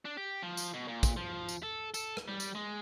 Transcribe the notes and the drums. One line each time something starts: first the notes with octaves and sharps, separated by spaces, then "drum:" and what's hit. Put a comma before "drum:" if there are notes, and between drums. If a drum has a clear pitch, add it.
D4
G4
F3
drum: tambourine
B2
A#2
drum: kick, tambourine
F3
drum: tambourine
A4
A4, drum: tambourine
drum: rim click
G3
drum: tambourine
G#3